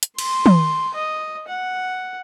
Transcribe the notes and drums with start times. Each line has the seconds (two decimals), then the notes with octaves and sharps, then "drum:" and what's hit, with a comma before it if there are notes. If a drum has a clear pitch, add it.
0.03 drum: hi-hat
0.18 C6, drum: cymbal
0.46 drum: tom
0.95 D#5
1.48 F#5